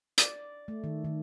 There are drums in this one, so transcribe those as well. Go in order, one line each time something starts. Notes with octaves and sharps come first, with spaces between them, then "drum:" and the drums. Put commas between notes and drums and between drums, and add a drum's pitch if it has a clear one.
D5, drum: hi-hat
A3
D#3
D#3